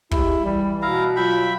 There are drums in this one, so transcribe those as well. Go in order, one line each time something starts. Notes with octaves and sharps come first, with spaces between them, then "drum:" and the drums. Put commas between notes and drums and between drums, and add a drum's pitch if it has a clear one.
G#3 E4 G4, drum: kick
E3 G3
B2 E4 F5 A#5
F#3 F4 E5 G5 B5